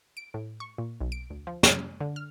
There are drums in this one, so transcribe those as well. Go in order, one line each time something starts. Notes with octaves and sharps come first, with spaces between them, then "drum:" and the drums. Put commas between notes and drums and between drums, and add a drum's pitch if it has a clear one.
D7
A2
C#6
A#2
B1
D7
D2
F3
F#2, drum: snare
D3
F6